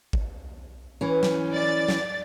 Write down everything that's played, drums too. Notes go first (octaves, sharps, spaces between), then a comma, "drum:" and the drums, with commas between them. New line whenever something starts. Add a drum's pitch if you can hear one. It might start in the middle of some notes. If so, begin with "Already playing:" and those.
drum: kick G#1
E3 C#4
drum: snare
D5 A6
drum: snare